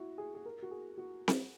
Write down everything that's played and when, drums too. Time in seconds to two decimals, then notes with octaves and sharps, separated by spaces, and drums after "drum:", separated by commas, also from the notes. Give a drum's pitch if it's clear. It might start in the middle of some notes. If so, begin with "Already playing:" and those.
Already playing: E4 F#4
0.18 G#4
0.35 G#4
0.45 A#4
0.63 F#4
0.71 G#4
0.98 F#4
1.28 drum: snare C4